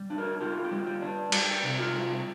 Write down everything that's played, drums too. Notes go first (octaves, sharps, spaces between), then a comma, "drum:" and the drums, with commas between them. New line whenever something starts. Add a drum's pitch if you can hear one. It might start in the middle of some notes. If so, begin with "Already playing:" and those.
Already playing: G3
D4
A#4
F4 G4
G4
G3
G4
D4
G3 G4, drum: cymbal
C3
F4
G3